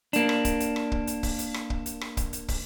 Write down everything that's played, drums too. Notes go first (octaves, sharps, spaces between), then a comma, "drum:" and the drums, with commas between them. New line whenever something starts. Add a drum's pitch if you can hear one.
A#3 D4, drum: hi-hat
drum: rim click
drum: kick, hi-hat
drum: hi-hat
drum: rim click
drum: kick
drum: hi-hat
drum: kick, open hi-hat
drum: hi-hat
drum: rim click
drum: kick
drum: hi-hat
drum: rim click
drum: kick, hi-hat
drum: hi-hat
drum: kick, open hi-hat